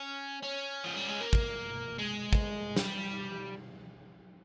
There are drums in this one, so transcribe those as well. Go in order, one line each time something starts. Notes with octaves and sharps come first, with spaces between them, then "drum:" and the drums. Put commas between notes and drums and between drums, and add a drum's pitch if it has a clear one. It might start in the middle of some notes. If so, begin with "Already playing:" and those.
Already playing: C#4
C#4
F3
G3
G#3
A#3
drum: kick
G#3
drum: kick
G3, drum: snare